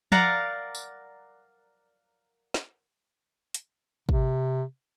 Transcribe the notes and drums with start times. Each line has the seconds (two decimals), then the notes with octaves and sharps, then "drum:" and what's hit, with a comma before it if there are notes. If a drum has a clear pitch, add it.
0.12 A#4 D5 F5 F#5 A#5, drum: tom F3
0.75 drum: tambourine
2.54 drum: snare
3.54 drum: hi-hat
4.09 C3, drum: kick